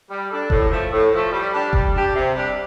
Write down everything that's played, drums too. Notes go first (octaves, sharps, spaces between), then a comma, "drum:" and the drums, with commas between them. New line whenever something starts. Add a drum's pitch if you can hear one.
G3
D4 A4
A2, drum: kick F1
F3 A3
A2
F3 A3
G3
D4 G4
G3, drum: kick F1
D4 G4
C3
G3 D4 G4